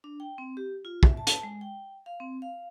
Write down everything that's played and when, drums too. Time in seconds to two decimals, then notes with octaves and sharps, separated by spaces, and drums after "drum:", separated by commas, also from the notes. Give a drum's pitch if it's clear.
0.04 D4
0.20 G5
0.38 C4
0.57 G4
0.85 F4
1.03 E5, drum: kick
1.17 A5
1.27 drum: hi-hat
1.43 G#3
1.61 G5
2.06 F5
2.20 C4
2.42 F5